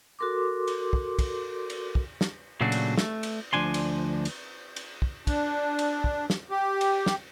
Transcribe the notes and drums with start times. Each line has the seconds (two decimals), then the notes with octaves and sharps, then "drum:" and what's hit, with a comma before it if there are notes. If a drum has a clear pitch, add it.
0.19 F#4 A4 A#4 C6 D6
0.67 drum: cymbal
0.93 drum: kick
1.19 drum: kick, cymbal
1.70 drum: cymbal
1.95 drum: kick
2.21 drum: snare
2.61 A#2 C#3 F#3 A3 D4 F#4
2.72 drum: cymbal
2.98 A3, drum: snare
3.23 drum: cymbal
3.53 D2 G2 F3 D4 G#5 C6
3.74 drum: cymbal
4.25 drum: cymbal
4.76 drum: cymbal
5.02 drum: kick
5.27 D4, drum: kick, cymbal
5.79 drum: cymbal
6.04 drum: kick
6.30 drum: snare
6.50 G4
6.81 drum: cymbal
7.06 drum: snare